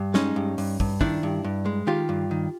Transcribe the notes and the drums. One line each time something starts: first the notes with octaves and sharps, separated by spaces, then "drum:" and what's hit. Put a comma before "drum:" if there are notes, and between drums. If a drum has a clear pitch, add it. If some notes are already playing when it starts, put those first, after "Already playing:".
Already playing: G2
G#3 C#4 D#4, drum: snare
G2
G2, drum: open hi-hat
G2, drum: kick
D#3 D4 E4, drum: kick
G2
G2
G#3
D#3 F4 G4
G2
D#3